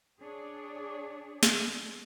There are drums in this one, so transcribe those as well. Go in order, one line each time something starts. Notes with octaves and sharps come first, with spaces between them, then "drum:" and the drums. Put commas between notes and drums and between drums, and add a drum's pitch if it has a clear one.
D4 G#4 C#5 D5
drum: snare